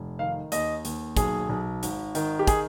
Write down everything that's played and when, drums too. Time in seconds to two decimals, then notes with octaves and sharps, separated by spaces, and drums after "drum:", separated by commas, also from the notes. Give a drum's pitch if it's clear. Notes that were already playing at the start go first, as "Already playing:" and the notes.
Already playing: F1
0.19 D#3 F5
0.52 D#2 D#5, drum: hi-hat
0.85 D#2, drum: hi-hat
1.17 B1 G#4, drum: kick, hi-hat
1.49 B1
1.83 G#1, drum: hi-hat
2.15 D#3, drum: hi-hat
2.39 G4
2.47 G#4, drum: kick, hi-hat